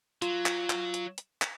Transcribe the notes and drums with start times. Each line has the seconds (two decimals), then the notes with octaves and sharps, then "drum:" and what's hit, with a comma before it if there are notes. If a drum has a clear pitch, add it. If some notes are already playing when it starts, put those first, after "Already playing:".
0.22 F#3 F4, drum: hi-hat
0.46 drum: clap
0.70 drum: clap
0.94 drum: hi-hat
1.18 drum: hi-hat
1.42 drum: clap